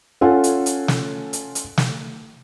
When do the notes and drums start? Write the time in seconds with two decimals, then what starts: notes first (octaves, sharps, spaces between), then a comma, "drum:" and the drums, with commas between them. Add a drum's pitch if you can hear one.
0.21 C#4 F4 A4 F#5 G#5
0.44 drum: hi-hat
0.66 drum: hi-hat
0.88 drum: snare
1.33 drum: hi-hat
1.55 drum: hi-hat
1.77 drum: snare